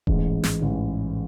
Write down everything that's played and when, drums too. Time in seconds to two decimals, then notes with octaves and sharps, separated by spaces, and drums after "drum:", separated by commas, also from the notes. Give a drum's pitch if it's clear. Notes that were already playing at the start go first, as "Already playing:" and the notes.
0.07 A1 G#2 E3 G#3, drum: kick D#1
0.44 drum: snare
0.62 A1 G#2 E3 G#3